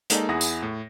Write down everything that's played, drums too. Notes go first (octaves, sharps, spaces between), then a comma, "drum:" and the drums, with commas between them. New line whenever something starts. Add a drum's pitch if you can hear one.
G#3 A#3 D#4 A4, drum: hi-hat
E2 E4 G#4 F#5 D#6 A#6
drum: tambourine
A2